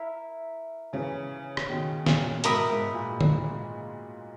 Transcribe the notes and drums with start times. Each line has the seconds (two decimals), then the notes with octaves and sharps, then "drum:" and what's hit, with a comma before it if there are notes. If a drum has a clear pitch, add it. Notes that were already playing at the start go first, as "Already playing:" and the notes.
Already playing: E4 A#4 E5
0.93 C#3 E3
1.57 drum: rim click
1.69 B2 D#3
2.06 A#2 C#3, drum: snare
2.44 G#2 B2 A#4 E5 B5 D#6, drum: hi-hat
2.70 G#2
2.94 A#2
3.21 G#2, drum: tom D3